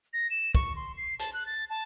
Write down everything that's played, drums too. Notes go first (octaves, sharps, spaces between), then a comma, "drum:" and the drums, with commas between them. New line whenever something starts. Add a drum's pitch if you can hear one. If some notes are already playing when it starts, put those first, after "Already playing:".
A#6
E7
C#6, drum: kick
C6
C7
A5, drum: hi-hat
F#6
A6
A5